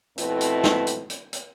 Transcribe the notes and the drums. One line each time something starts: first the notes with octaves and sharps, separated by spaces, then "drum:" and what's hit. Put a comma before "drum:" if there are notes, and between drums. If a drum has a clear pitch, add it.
F2 B2 A3 C4 E4 B4, drum: hi-hat
drum: hi-hat
drum: snare
drum: hi-hat
drum: hi-hat
drum: hi-hat